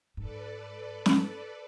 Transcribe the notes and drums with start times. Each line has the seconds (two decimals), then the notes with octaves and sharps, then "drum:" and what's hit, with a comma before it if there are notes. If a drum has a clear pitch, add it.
0.17 G#2 A4 B4 D5
1.06 drum: snare